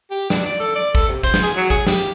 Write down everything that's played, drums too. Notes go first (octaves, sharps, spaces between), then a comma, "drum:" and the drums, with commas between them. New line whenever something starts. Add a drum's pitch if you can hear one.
G4
D4, drum: snare
D5
A4
D5
A4, drum: kick
C3
C5, drum: kick
drum: snare
G#4
F#3
G#4, drum: kick
G4, drum: snare